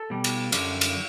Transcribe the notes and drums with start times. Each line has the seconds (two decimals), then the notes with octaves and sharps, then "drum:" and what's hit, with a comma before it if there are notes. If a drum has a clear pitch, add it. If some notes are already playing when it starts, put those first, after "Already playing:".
Already playing: A4
0.10 B2 G3
0.24 drum: cymbal
0.52 F#2 D3 G3, drum: cymbal
0.81 drum: cymbal